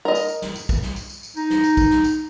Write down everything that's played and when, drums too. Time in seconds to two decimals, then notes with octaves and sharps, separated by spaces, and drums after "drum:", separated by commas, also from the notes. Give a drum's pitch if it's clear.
0.05 A#4 D#5
0.15 drum: tambourine
0.29 drum: tambourine
0.42 drum: snare
0.56 drum: tambourine
0.69 drum: kick, tambourine
0.83 drum: snare
0.96 drum: tambourine
1.10 drum: tambourine
1.23 drum: tambourine
1.37 D#4, drum: tambourine
1.50 drum: snare
1.64 drum: tambourine
1.77 drum: kick, tambourine
1.91 drum: snare
2.04 drum: tambourine